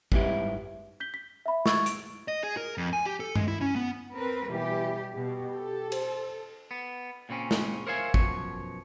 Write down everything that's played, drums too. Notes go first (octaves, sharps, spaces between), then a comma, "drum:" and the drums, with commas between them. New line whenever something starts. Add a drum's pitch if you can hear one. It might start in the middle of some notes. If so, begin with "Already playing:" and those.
G#2 G3 B3 D#4 E4 G4, drum: kick
G6 B6 G7
B6
E5 B5
C#6 E6 G#6 A6, drum: snare
D7, drum: hi-hat
D#5
G#4
A#4
F2
G#5
G4
A4
G#3, drum: tom G2
E4
C#4
B3
C4 A#4 B4
B2 E3 G3 G4
B2 G4
A4
C5, drum: cymbal
B3
A#2 C#3 C4 C#4
drum: snare
A#4 C5 C#5 E5 F5 G#5
F#2 B2 F3 C#5, drum: kick